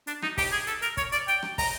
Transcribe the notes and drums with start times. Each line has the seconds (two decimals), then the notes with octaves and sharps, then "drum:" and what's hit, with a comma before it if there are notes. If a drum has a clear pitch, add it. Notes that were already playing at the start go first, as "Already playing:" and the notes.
0.07 D4, drum: hi-hat
0.22 D#4, drum: rim click
0.38 G4, drum: kick, open hi-hat
0.52 G#4
0.67 A4, drum: hi-hat
0.82 A#4, drum: hi-hat
0.97 C#5, drum: kick, hi-hat
1.12 D5, drum: hi-hat
1.28 G5, drum: hi-hat
1.43 drum: rim click
1.58 A#5, drum: kick, open hi-hat